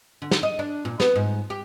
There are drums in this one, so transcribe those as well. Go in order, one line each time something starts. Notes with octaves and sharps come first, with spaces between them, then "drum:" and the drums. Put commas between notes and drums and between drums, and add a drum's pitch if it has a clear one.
D3
drum: snare
D#5
D4
A#2
B3, drum: snare
G#2
G4